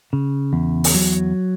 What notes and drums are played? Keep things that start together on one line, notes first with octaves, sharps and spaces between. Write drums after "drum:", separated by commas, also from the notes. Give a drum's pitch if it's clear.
C#3
E2
drum: open hi-hat
F#3